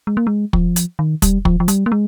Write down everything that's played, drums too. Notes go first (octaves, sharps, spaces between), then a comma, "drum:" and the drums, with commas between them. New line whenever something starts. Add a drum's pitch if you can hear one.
G#3
A#3
G#3
F3, drum: kick
drum: hi-hat
D#3
G3, drum: kick, hi-hat
F3, drum: kick
F3
G3, drum: hi-hat
A#3
G#3